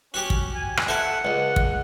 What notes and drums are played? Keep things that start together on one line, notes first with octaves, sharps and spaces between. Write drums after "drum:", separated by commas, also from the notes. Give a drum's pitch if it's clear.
C#4 F#4 G4
drum: kick
G#5
drum: rim click
E4 A4 F#5
C#2
drum: kick